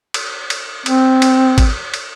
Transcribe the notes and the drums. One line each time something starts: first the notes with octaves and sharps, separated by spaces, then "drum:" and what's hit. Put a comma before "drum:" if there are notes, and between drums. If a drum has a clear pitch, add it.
drum: cymbal
drum: cymbal
C4, drum: cymbal
drum: cymbal
drum: kick G#1, cymbal
drum: cymbal